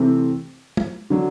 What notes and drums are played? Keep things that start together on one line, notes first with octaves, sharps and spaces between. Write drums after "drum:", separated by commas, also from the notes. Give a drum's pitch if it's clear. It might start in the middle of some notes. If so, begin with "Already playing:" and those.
Already playing: C3 E3 A3 C4
drum: tom G#3
D3 F#3